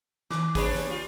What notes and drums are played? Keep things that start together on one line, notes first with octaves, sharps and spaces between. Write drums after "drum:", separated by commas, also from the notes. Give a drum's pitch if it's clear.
D#3 D6, drum: snare
E3 G3 D4 G#4 B4 C#5, drum: kick, open hi-hat
drum: snare
F4 G4